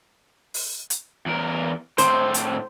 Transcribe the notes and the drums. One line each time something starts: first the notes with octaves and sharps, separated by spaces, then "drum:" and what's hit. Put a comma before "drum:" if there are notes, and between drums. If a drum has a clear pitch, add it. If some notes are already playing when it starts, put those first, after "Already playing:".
drum: open hi-hat
drum: hi-hat
E2 A#4
A2 C4 C5, drum: hi-hat
drum: hi-hat